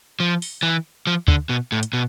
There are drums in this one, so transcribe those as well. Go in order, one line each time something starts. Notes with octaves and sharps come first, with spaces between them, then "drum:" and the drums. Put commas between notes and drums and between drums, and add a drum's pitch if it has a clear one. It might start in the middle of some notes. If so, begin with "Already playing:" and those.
F3
drum: open hi-hat
E3
F3
D3, drum: kick
B2
A2
drum: hi-hat
B2